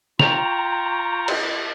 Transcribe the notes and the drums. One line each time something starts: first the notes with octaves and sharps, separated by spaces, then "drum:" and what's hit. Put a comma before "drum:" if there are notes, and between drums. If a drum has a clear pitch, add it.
F4 G5 A#5 C#6, drum: snare
drum: cymbal